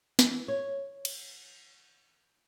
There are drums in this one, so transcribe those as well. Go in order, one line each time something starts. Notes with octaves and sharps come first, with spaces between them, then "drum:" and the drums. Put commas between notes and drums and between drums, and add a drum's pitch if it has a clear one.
E3, drum: snare
C#5
drum: cymbal